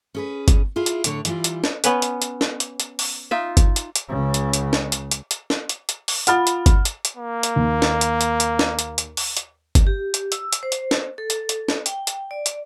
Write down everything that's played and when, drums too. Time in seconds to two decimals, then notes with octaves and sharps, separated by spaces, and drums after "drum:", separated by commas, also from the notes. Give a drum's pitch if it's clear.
0.15 C#4 G#4 B4
0.48 drum: kick G1, hi-hat
0.76 E4 F4 G#4
0.86 drum: hi-hat
1.04 A2 D3 C#5, drum: hi-hat
1.25 E3 G3 F4, drum: hi-hat
1.44 drum: hi-hat
1.64 drum: snare
1.84 B3 C#4 B4, drum: hi-hat
2.02 drum: hi-hat
2.22 drum: hi-hat
2.41 drum: snare
2.60 drum: hi-hat
2.80 drum: hi-hat
2.99 drum: open hi-hat
3.31 D#4 F4 E5
3.57 drum: kick G1, hi-hat
3.76 drum: hi-hat
3.96 drum: hi-hat
4.08 C#2 C#3
4.34 drum: hi-hat
4.53 drum: hi-hat
4.73 drum: snare
4.92 drum: hi-hat
5.11 drum: hi-hat
5.31 drum: hi-hat
5.50 drum: snare
5.69 drum: hi-hat
5.89 drum: hi-hat
6.08 drum: open hi-hat
6.27 F4 F#5 B5 F6 A6, drum: hi-hat
6.47 drum: hi-hat
6.66 drum: kick G1, hi-hat
6.85 drum: hi-hat
7.05 drum: hi-hat
7.17 A#3
7.43 drum: hi-hat
7.56 D#2
7.82 drum: snare
8.01 drum: hi-hat
8.21 drum: hi-hat
8.40 drum: hi-hat
8.59 drum: snare
8.79 drum: hi-hat
8.98 drum: hi-hat
9.17 drum: open hi-hat
9.37 drum: hi-hat
9.75 drum: kick G1, hi-hat
9.87 G4
10.14 drum: hi-hat
10.32 E6, drum: hi-hat
10.53 drum: hi-hat
10.63 C5
10.72 drum: hi-hat
10.91 drum: snare
11.18 A4
11.30 drum: hi-hat
11.49 drum: hi-hat
11.68 drum: snare
11.86 G5, drum: hi-hat
12.07 drum: hi-hat
12.31 D5
12.46 drum: hi-hat